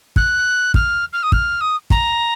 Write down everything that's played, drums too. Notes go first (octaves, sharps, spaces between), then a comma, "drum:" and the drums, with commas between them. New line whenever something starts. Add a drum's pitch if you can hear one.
F#6, drum: kick
F6, drum: kick
F6
D#6
F6, drum: kick
D#6
A#5, drum: kick